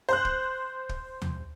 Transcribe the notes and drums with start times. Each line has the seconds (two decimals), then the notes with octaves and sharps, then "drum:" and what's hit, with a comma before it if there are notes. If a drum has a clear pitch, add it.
0.09 C5 F#6
0.25 drum: kick
0.89 drum: kick
1.22 drum: tom D#2